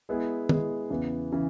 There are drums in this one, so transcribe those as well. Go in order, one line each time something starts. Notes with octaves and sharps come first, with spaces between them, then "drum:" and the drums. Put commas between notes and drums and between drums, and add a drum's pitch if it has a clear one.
G#3 B3 E4 G#4
G#3 B3 E4 G#4, drum: tom
E2 C#3 E3 B3
C#3 E3